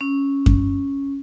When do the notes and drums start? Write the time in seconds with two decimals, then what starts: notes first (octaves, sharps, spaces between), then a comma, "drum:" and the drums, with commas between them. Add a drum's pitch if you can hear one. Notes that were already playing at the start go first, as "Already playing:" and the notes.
0.01 C#4
0.46 drum: kick F#2